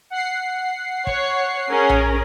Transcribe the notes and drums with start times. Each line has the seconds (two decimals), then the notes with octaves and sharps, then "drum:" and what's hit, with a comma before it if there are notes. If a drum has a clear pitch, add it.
0.10 F#5 C7
1.07 C#5, drum: kick
1.69 C#4 G#4 A#4
1.89 drum: tom A#1